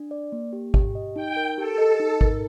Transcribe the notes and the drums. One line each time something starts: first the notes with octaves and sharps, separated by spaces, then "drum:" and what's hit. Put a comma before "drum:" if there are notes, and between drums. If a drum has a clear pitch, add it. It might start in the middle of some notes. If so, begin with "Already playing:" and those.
Already playing: D4
D5
A#3
G4
G4, drum: kick G#1
D#5
D#4 G5
A#4
G4 A4
D#5
D#4
A#4, drum: kick G#1